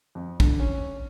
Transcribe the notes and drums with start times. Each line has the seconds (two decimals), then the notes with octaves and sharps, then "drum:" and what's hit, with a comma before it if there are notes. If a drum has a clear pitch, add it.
0.15 F2
0.40 D3, drum: kick
0.60 C#4